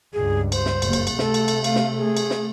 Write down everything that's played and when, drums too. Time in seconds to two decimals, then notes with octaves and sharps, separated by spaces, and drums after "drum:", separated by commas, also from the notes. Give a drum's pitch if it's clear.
0.14 C#2 G2 G#4
0.52 C5, drum: cymbal
0.66 drum: snare
0.82 F#1 A#3, drum: cymbal
0.93 drum: cymbal
1.07 drum: cymbal
1.19 C3 A3 A4, drum: snare
1.34 drum: cymbal
1.48 drum: cymbal
1.64 F5, drum: cymbal
1.75 drum: snare
1.97 G#4
2.17 drum: cymbal
2.30 drum: snare